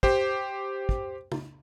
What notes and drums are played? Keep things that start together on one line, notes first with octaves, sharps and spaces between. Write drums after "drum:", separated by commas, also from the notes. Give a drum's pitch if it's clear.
G4 C5, drum: kick
drum: kick
drum: tom